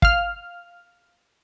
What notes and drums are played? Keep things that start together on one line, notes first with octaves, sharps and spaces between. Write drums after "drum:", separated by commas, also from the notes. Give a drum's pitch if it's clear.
F5 F6, drum: kick